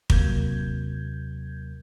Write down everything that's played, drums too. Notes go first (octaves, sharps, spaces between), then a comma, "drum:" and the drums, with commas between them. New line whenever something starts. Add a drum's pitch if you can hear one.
D#2 C3 F#3 A#3 G6 G#6, drum: kick